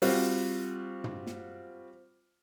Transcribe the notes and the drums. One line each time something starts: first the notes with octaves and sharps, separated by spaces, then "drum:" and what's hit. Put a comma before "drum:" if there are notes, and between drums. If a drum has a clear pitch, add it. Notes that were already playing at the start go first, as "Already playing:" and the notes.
G3 C4 F4 F#4, drum: open hi-hat
drum: tom
drum: snare